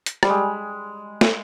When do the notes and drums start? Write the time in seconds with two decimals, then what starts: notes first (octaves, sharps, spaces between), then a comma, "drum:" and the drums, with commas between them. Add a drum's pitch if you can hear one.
0.06 drum: hi-hat
0.23 G3, drum: rim click
0.29 G#3
1.21 drum: snare